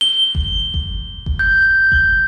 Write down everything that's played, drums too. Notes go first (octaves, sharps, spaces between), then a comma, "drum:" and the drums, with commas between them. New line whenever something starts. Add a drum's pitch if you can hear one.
G7
drum: kick G1
drum: kick G1
drum: kick G1
G6
drum: kick G1